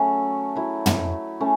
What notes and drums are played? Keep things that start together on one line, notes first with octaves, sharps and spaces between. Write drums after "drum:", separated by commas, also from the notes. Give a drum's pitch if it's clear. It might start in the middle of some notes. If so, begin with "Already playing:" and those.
Already playing: F#3 A3 C#4
F#3 A3 E4
drum: tom
A3 C#4